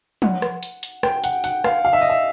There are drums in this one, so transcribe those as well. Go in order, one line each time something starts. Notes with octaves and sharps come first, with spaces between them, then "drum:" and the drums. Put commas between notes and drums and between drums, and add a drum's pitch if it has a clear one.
F#5, drum: tom
drum: rim click
drum: hi-hat
drum: hi-hat
G5, drum: rim click
F#5, drum: hi-hat
F#5, drum: hi-hat
F5, drum: rim click
F5
E5
D#5
E5